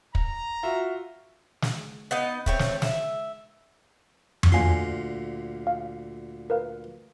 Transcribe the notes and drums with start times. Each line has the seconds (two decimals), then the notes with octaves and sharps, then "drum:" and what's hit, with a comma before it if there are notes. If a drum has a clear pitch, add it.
0.15 A#5, drum: kick
0.63 F4 F#4 E5
1.62 drum: snare
2.11 B3 D#4 D#5
2.46 A3 C4 C#5, drum: kick
2.59 drum: snare
2.82 E5, drum: snare
4.43 drum: tom F2
4.52 D2 A#2 F4 G#5 C6
5.67 F5
6.50 A#4 B4 F5